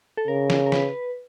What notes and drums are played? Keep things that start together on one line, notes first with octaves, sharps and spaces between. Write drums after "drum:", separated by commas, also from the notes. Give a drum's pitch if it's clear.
A4
C#3 A#4
drum: snare
A#4
B4, drum: snare